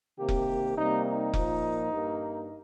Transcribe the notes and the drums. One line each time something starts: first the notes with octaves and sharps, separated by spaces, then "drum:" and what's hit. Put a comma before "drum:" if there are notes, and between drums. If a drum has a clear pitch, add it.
C3 D#3 A#3 G4
drum: kick F1
C3 G3 A#3 D#4
D#4
A#2 F3 A#3, drum: kick F1
G2 G3 A#3